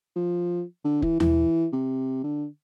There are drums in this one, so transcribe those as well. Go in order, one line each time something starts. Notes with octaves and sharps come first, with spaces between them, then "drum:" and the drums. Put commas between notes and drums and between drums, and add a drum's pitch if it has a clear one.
F3
D3
E3, drum: kick
E3, drum: tom D#2
C3
D3